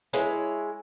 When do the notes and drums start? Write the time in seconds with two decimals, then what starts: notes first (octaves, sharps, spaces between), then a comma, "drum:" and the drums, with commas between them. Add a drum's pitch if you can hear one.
0.13 G#3 E4 C#5, drum: hi-hat